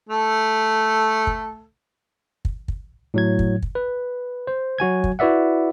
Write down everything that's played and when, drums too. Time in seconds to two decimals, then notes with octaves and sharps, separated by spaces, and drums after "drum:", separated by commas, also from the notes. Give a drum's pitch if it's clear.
0.09 A3 A4
1.27 drum: kick
2.45 drum: kick
2.68 drum: kick
3.14 A2 F#3 G#6
3.39 drum: kick
3.62 drum: kick
3.75 B4
4.47 C5
4.78 F#3 F#4 G#5 G#6
5.04 drum: kick
5.19 E4 F#4 B4 D5 E5 F#5